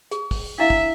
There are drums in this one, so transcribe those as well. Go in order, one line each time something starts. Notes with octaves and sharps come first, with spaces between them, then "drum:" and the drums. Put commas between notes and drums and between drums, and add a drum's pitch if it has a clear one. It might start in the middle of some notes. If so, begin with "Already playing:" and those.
G#4, drum: hi-hat
drum: kick, open hi-hat
D4 E4 E5 F5
drum: kick